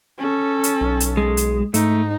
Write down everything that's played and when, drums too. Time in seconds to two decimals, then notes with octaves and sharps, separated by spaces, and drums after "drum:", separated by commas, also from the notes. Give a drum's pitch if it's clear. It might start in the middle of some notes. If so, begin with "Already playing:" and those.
0.18 C#4 A4
0.64 drum: hi-hat
0.81 B1
1.00 drum: hi-hat
1.17 G#3
1.37 drum: hi-hat
1.74 G#2 A3 D#4, drum: hi-hat